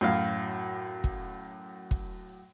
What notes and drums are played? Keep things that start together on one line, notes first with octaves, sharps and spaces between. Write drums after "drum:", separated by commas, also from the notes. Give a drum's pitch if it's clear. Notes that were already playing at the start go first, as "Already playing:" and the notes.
F#2 A2 F5
drum: kick
drum: kick